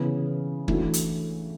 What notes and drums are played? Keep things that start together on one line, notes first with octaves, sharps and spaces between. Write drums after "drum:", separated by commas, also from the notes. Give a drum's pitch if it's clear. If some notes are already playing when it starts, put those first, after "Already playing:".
Already playing: C#3 E3 B3
E3 A3 D4 F#4, drum: kick
drum: hi-hat